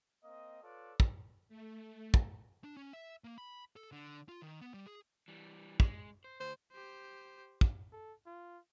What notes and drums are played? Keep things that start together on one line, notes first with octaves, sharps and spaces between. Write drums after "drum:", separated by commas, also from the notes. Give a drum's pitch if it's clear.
A#3 C4 D#5
F4 A4 B4 C#5 D5
drum: kick
A3
drum: kick
D4
C#4
E5
A#3
B5
A4
D3
F4
D#3
B3
G3
G#4
E3 G3
G#3, drum: kick
C5
D2 C5
G4 C5
drum: kick
A4
F4